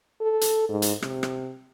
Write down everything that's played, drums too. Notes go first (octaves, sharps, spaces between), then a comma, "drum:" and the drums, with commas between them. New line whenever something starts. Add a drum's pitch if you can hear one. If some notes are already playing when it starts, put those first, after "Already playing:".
A4
drum: hi-hat
G#2
drum: hi-hat
C3, drum: rim click
drum: rim click